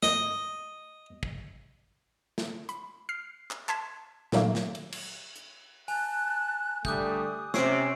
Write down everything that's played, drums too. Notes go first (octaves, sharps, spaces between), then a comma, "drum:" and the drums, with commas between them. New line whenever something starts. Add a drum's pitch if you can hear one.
D#5, drum: snare
drum: kick
drum: snare
B5, drum: hi-hat
F6 C7
drum: clap
A5 C6 G#6 B6 E7, drum: clap
A#2 D#3 F#3 A3 A#3, drum: snare
drum: snare
drum: cymbal
drum: cymbal
drum: hi-hat
G#5 A5 F#6, drum: open hi-hat
D3 G3 A3 D6 D#6 F#6 G6, drum: kick
C3 C#4 E6 C7 D7, drum: snare